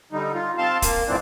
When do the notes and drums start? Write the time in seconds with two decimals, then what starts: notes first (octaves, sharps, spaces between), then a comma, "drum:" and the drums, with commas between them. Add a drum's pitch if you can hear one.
0.12 D3 G3 D#4
0.35 F4
0.58 C4 F5 A5 C6
0.82 A#3, drum: kick, hi-hat
1.07 F2 G#2 E3 F3 C4 D4